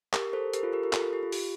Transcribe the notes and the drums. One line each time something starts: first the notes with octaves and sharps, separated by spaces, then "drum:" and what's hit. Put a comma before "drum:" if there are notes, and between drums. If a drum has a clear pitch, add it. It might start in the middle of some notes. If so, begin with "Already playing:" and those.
G4 A#4, drum: clap
A4 C5
G4 A#4, drum: hi-hat
F4 A4
G4 A#4
G4 A#4
F4 A4, drum: clap
G4
G4
F4
G4, drum: open hi-hat